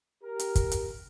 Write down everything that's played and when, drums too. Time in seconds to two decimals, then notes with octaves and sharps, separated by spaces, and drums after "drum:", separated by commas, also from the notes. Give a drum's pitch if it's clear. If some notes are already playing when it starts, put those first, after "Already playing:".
0.23 G4 A#4
0.39 drum: hi-hat
0.55 drum: kick, hi-hat
0.71 drum: hi-hat